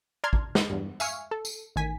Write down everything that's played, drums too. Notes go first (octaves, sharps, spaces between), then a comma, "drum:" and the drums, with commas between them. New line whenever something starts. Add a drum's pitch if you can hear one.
D5 A5 A#5 C6 F6 G#6
drum: kick
drum: snare
E2 G2
E5 F5 G#5 C#6 F6, drum: tambourine
A4
drum: tambourine
A1 D#3 G#5 B6